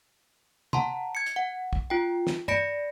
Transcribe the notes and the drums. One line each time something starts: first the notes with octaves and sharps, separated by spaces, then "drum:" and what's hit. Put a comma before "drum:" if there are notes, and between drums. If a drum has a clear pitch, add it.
F#5 A5 A#5 C6, drum: tom
G#6 C#7
drum: hi-hat
F#5
drum: kick
F4 G5
drum: snare
D5 B5 A#6 C#7 D7, drum: tom G2